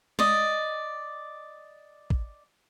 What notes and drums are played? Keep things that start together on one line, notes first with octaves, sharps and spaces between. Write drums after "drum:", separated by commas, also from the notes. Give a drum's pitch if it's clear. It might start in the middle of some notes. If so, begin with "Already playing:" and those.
D5 D#5, drum: tom G#3
drum: kick